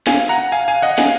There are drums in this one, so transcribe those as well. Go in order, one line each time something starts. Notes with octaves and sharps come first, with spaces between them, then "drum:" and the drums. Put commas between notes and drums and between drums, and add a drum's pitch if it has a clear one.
F5 G#5, drum: snare
F#5 A#5
F5 G#5, drum: hi-hat
F5 G#5, drum: hi-hat
D#5 F#5, drum: hi-hat
F5 G#5, drum: snare